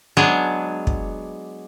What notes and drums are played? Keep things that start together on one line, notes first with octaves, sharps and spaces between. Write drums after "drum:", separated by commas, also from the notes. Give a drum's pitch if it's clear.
F#3 G#3 B3 D4
drum: kick